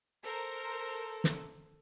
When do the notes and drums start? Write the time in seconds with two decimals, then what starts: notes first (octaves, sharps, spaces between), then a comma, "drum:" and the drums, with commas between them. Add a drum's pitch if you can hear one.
0.24 A4 A#4 C5
1.24 drum: snare